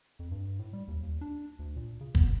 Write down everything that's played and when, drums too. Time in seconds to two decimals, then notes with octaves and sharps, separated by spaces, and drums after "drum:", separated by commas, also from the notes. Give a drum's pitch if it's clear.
0.19 F2
0.31 G2
0.59 A2
0.73 G3
0.88 D#2
1.03 D#2
1.21 D4
1.59 D2
1.76 A#2
2.01 C#3
2.15 B3, drum: kick